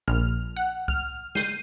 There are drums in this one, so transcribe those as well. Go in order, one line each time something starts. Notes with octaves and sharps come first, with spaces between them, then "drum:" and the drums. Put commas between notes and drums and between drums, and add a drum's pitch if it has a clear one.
A#1 F6
F#5
F6, drum: kick C2
G6 C7 D#7, drum: snare